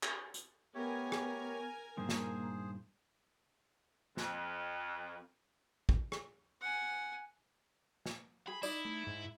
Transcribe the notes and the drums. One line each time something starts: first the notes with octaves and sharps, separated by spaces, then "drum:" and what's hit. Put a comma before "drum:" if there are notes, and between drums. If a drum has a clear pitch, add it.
drum: clap
drum: hi-hat
A3 B3 G4 A#4 C#5 G#5
drum: rim click
G2 A#2 D#3 A#3 G#4 C5
drum: snare
F2, drum: snare
drum: kick
drum: rim click
F#5 G#5
drum: snare
G#4 B5
D#4 E4 D5, drum: tambourine
A3
G#2